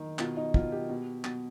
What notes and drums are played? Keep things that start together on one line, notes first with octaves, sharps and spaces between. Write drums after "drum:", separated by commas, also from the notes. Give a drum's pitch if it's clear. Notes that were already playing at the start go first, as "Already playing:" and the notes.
Already playing: D#3
B2 F4, drum: clap
D#4
B2 F4, drum: kick
G4
B2
B2, drum: clap